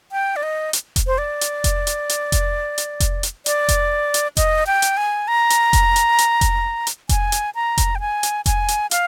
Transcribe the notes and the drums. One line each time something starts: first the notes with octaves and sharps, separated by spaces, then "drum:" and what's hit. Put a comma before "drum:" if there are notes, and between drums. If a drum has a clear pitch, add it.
G5
D5
D#5
drum: hi-hat
drum: kick F1, hi-hat
C5
D5
drum: hi-hat
drum: kick F1, hi-hat
drum: hi-hat
drum: hi-hat
drum: kick F1, hi-hat
drum: hi-hat
drum: kick F1, hi-hat
drum: hi-hat
D5, drum: hi-hat
drum: kick F1, hi-hat
drum: hi-hat
D#5, drum: kick F1, hi-hat
G5
drum: hi-hat
G#5
A#5
drum: hi-hat
drum: kick F1, hi-hat
drum: hi-hat
drum: hi-hat
drum: kick F1, hi-hat
drum: hi-hat
G#5, drum: kick F1, hi-hat
drum: hi-hat
A#5
drum: kick F1, hi-hat
G5
G#5
drum: hi-hat
G#5, drum: kick F1, hi-hat
drum: hi-hat
F5, drum: hi-hat